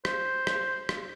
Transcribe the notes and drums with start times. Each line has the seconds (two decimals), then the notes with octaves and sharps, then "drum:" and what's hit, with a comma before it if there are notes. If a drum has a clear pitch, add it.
0.05 C5, drum: rim click
0.47 drum: rim click
0.89 drum: rim click